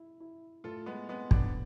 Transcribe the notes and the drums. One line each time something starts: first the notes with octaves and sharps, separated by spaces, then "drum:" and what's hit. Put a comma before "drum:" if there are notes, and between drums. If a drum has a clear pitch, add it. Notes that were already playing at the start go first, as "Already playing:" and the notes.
Already playing: E4
E4
A2 F4 A4
G#3 B3
G#3 B3 C4
B3 D4, drum: kick